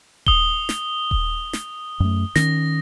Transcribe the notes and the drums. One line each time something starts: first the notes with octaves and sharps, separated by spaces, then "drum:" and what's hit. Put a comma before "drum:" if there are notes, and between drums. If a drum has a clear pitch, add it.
D#6 G7, drum: kick D#1
drum: snare
drum: kick D#1
drum: snare
F#2 A3
D#3 C#4 A#6, drum: snare